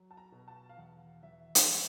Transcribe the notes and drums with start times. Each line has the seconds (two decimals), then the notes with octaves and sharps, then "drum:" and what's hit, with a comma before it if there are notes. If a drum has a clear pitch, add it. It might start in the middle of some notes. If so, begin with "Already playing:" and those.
Already playing: F#3
0.11 A5
0.17 A#5
0.32 B2
0.48 A5
0.69 F5
0.78 E2 F#5
1.23 E2 E5
1.55 drum: hi-hat
1.68 E3 E5